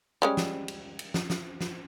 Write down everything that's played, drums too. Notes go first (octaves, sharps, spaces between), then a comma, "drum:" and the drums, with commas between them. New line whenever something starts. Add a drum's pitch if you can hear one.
G3 G#3 C#4
drum: snare
drum: cymbal
drum: cymbal
drum: snare
drum: snare
drum: snare